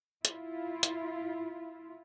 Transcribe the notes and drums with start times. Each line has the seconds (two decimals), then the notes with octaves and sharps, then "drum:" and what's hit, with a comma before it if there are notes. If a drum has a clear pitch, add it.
0.25 E4 F4, drum: hi-hat
0.83 drum: hi-hat